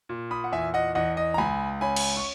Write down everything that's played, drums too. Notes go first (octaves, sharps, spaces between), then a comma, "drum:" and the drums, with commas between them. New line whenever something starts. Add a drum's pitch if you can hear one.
A#2
B5 D#6
F#5
E2 E5 G#5
D#5 F#5
E2 D#5 F#5
D#5
A#5
C#2 G#5 B5
C#4 G#5 B5
drum: cymbal
C#6